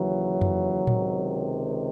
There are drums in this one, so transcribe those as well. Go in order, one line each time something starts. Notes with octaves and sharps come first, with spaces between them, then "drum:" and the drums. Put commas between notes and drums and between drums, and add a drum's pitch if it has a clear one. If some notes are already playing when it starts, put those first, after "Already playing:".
Already playing: D#2 C#3 E3 F#3
drum: tom F2
C#2 C3 D#3, drum: tom A2